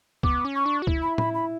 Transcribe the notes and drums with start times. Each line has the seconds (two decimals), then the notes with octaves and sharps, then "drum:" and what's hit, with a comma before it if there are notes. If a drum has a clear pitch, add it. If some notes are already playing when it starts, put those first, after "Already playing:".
0.23 B3 D6, drum: kick
0.45 C#4
0.55 C#6
0.66 D4
0.82 F#4
0.87 E4, drum: kick
1.03 B5
1.18 B5, drum: tom A2
1.34 B5